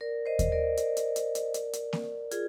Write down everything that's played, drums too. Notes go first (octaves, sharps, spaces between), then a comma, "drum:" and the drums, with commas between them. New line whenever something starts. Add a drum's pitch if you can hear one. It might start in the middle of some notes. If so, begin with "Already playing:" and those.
A#4 D5
C5 D#5
drum: kick D#2, hi-hat
A#4 D5
drum: hi-hat
drum: hi-hat
drum: hi-hat
drum: hi-hat
drum: hi-hat
drum: hi-hat
drum: snare A#3
F4 G#4, drum: hi-hat